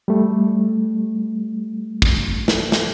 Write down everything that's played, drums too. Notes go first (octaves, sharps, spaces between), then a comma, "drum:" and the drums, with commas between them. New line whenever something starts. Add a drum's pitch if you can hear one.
G3 A3
drum: kick
drum: snare
drum: snare